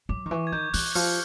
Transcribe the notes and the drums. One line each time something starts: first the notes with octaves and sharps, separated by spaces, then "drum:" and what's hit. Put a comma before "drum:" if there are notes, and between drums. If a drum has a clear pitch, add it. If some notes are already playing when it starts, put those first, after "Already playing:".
F#3 D6
D#3
E3 C#6
G#6
D#3 G6
E3 F#6, drum: open hi-hat
F3 F6, drum: open hi-hat